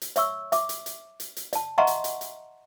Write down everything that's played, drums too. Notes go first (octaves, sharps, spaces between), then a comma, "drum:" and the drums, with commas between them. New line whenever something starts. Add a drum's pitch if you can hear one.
drum: hi-hat
C#5 E5 C#6 E6, drum: hi-hat
E5 D6, drum: hi-hat
drum: hi-hat
drum: hi-hat
drum: hi-hat
drum: hi-hat
D5 A5, drum: hi-hat
D#5 E5 F#5 A#5 C6 C#6
drum: hi-hat
drum: hi-hat
drum: hi-hat